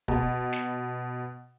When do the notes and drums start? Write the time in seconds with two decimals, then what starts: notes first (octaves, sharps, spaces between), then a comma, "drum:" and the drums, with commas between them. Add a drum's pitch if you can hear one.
0.08 B2, drum: kick
0.53 drum: snare